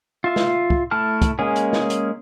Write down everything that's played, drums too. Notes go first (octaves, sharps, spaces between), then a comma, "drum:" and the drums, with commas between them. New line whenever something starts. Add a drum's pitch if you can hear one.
F4 E5
drum: snare
drum: kick
A3 E4 A5 F6
drum: kick, hi-hat
G#3 A#3 C#4 G#4
drum: hi-hat
drum: snare
drum: hi-hat